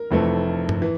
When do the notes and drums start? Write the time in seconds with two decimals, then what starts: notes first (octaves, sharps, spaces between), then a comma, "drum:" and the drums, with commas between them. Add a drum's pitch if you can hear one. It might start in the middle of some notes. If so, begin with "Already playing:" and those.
Already playing: A#4
0.11 F1 F2 E3 A3
0.69 drum: tom G2
0.82 E3